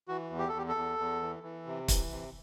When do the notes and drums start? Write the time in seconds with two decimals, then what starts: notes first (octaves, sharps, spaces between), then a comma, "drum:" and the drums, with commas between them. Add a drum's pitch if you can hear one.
0.08 E3 F#4
0.30 E2
0.39 G4
0.48 A4
0.53 E2 G4
0.68 A4
0.75 E2
0.98 E2
1.22 E3
1.43 E3
1.66 C3
1.88 E3, drum: kick, hi-hat
2.11 C3